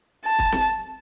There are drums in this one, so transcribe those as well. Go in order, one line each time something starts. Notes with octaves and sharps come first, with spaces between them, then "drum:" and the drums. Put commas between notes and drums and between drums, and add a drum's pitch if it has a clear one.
A5
drum: kick
drum: snare